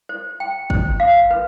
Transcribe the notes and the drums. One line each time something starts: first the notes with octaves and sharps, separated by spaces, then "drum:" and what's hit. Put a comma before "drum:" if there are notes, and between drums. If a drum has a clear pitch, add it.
C5
G5
C5, drum: kick G1
F5
B4